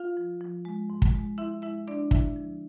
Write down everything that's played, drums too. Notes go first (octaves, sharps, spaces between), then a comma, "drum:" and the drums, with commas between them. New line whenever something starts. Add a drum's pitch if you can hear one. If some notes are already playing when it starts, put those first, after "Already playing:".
Already playing: F4 F5
F3
F3
G#3
G#2
drum: kick
G#3
G#2 E4 E5
G#3 E4 E5
G#2 D4 D5
D3 E4 E5, drum: kick
F3